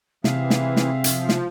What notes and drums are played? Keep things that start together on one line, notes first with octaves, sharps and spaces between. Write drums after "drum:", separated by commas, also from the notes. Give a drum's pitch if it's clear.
C3 E3 C4 G#4 E5 F5, drum: snare
drum: snare
drum: snare
F3, drum: hi-hat
drum: snare